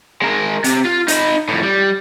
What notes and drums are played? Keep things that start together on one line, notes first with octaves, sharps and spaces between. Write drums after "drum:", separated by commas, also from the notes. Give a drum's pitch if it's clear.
G#3 A#4
C3, drum: hi-hat
F4
D#4 B5, drum: hi-hat
F2 A2
G3